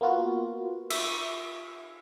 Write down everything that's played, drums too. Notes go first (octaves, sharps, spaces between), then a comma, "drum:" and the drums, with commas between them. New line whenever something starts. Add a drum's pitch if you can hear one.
A#3 B3 F4 F#4
E5, drum: cymbal